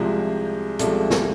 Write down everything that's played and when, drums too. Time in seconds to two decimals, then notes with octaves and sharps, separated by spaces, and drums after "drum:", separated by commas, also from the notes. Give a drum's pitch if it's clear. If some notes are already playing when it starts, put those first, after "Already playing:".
Already playing: C2 C3 F3 G#3 G#4
0.79 C2 C3 F3 G#3 A4, drum: hi-hat
1.11 drum: snare